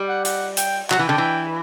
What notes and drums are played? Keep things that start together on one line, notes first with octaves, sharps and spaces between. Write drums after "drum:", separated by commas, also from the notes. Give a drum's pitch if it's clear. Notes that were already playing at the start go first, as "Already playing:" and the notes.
Already playing: G3
F#5
F#5, drum: hi-hat
G5, drum: hi-hat
F#3 F#5, drum: clap
E3
D3 G5
E3